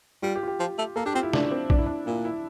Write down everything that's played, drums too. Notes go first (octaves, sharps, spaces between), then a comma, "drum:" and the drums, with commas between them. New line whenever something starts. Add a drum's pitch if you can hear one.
G3 F4
G4
F4
G4
F3
A3
A#3 A4
D4 G4
C4 F4
E4
D4, drum: snare
C4
D4, drum: kick
E4
D4
A#2 E4
E4